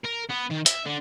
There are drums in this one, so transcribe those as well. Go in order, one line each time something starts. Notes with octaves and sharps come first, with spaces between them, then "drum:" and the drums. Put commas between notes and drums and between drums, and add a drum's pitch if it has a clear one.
A#4
B3
D#3
E5, drum: hi-hat
D3